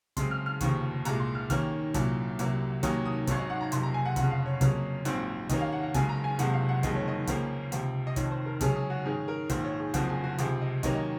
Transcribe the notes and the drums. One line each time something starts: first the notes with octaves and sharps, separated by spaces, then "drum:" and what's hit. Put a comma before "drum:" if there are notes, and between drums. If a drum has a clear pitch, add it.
F#2 C#3 G#3 C4 C6, drum: kick, hi-hat
F6
F6
F1 D#2 C#3 F3 C#6, drum: kick, hi-hat
C2 A#2 G#3 A#5, drum: hi-hat
C6
F6
D#2 D#3 A#3 C#4 F6, drum: kick, hi-hat
C2 A#2 F#3 C#4, drum: kick, hi-hat
C2 C3 F#3 A#3, drum: hi-hat
D#2 D#3 F#3 A#3 C#4 D#6, drum: kick, hi-hat
D#6
G#1 F#2 D#3 F#3 C#4 C#6, drum: kick, hi-hat
D#5
F#5
A#5
F#1 F2 C3 C6, drum: hi-hat
A#5
G#5
F#5
F1 F2 C#3 F#5, drum: kick, hi-hat
F5
C#5
F2 C#3 F#3 A#3 C#4, drum: kick, hi-hat
A#1 G#2 F#3 C4 C5, drum: hi-hat
D#2 D#3 A#3 C#4 D#5, drum: kick, hi-hat
F5
F#5
F#5
F#1 F#2 C#3 G#3 G#5, drum: kick, hi-hat
A#5
G#5
F#1 F2 C3 F3 G#3 F#5, drum: hi-hat
F5
F#5
F#1 F2 D#3 G#3 D#5, drum: kick, hi-hat
C#5
D#5
C#2 C#3 F3 A#3 C#4, drum: kick, hi-hat
C#2 C3 F3, drum: hi-hat
D#5
F1 F2 D#3 C#5, drum: kick, hi-hat
C5
A#4
F#2 C#3 G#3 C#4 G#4, drum: kick, hi-hat
G#4
F#4
G#2 D#3 G#3 C#4 G#4
A#4
A#1 G#2 D#3 C5, drum: kick, hi-hat
C#5
G#4
F#1 F2 C#3 F3 C4 F#4, drum: kick, hi-hat
G#4
F#4
C#2 C3 F3 G#4, drum: hi-hat
D#5
D#2 D#3 F#3 A#3 C#4 D#5, drum: kick, hi-hat
D#5